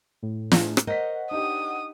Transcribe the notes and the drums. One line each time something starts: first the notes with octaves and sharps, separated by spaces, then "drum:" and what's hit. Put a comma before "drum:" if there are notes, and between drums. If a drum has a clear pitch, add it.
A2
D4 G#4, drum: snare
drum: rim click
A#4 C5 C#5 D#5 F#5 B6
D4 D#4 G4 D#6